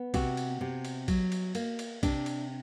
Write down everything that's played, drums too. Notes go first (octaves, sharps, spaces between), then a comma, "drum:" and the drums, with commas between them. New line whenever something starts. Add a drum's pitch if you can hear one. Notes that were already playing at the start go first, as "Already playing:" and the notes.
Already playing: B3
C3 F#4, drum: kick, cymbal
drum: cymbal
C3
drum: cymbal
F#3, drum: kick, cymbal
drum: cymbal
A#3, drum: cymbal
drum: cymbal
C3 D4, drum: kick, cymbal
drum: cymbal